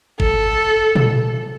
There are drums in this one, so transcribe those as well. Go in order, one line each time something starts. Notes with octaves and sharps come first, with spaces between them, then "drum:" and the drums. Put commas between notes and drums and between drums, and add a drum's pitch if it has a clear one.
A4, drum: kick
drum: tom